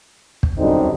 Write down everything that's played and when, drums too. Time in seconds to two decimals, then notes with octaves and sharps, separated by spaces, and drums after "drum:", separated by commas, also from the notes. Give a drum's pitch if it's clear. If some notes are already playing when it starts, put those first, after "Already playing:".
0.43 drum: kick
0.57 F#2 D3 G3 C4 D#4